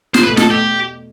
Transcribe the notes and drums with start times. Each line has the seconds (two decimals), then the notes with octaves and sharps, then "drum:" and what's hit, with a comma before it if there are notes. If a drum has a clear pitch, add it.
0.14 C5, drum: snare
0.23 E2 B2 A3 B4
0.37 A4, drum: snare
0.50 G4